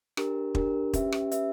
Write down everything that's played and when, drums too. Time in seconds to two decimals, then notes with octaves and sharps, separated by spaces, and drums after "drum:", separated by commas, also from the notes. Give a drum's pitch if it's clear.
0.17 D4 G4 A#4, drum: rim click
0.55 D4 G4 A#4, drum: kick
0.93 C#4 G4 B4 E5, drum: kick, hi-hat
1.12 drum: rim click
1.31 C#4 G4 B4 E5, drum: hi-hat